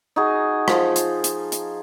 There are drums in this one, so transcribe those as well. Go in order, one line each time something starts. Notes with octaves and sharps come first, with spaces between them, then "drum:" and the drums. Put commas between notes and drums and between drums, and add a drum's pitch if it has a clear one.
D#4 F#4 G#4
F3, drum: rim click
drum: hi-hat
drum: hi-hat
drum: hi-hat